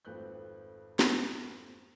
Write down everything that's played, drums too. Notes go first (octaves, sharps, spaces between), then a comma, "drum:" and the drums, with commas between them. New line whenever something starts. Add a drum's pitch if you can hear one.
G#1 F2 A3 B4 F#6 G6
drum: snare